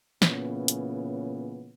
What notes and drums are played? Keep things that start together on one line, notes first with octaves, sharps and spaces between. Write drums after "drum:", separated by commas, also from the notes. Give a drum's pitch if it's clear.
A#2 C#3 E3 B3 C#4, drum: snare
drum: hi-hat